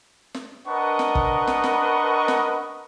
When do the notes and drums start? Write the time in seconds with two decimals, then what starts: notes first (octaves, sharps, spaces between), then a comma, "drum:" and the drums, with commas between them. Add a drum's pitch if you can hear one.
0.34 drum: snare
0.67 D4 A#4 B4 D#5 F#5 C#6
0.99 drum: snare
1.15 drum: kick
1.47 drum: snare
1.64 drum: snare
2.28 drum: snare